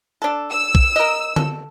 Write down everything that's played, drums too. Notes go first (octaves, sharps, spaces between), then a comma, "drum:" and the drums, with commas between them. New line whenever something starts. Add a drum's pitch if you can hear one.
D4 A4
E6
drum: kick
A#4 D#5
A4, drum: tom D3